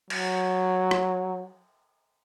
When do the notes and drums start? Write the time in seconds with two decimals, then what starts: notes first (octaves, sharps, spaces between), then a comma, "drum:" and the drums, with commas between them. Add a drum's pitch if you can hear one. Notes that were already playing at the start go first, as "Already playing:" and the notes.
0.10 F#3, drum: cymbal
0.91 drum: rim click